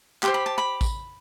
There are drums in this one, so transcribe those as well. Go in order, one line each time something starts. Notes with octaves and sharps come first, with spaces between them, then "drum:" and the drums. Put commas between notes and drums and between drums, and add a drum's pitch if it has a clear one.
G4 C5 C6, drum: clap
B5
A5
B5
drum: kick A1, tambourine